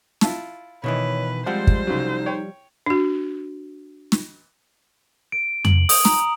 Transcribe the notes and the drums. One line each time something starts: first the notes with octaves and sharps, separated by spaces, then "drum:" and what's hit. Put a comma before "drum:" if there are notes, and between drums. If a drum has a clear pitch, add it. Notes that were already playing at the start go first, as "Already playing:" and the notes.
E4 F4 A5, drum: snare
B2 D#3 E3 B4 C#5
F3 G3 G#3 C4 C5 F#5
drum: kick
C2 C#3 F#3 D#4
C#5 G5
D4 F#4
drum: snare
D7
F#7, drum: tom F2
D#6, drum: open hi-hat
A#5, drum: snare